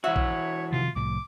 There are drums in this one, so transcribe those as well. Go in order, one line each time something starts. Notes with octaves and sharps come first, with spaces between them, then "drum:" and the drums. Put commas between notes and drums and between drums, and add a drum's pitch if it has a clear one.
E3 F#4 C#5 E5
drum: kick
C3 D#3 F3 F4
C2 A2 F3 D6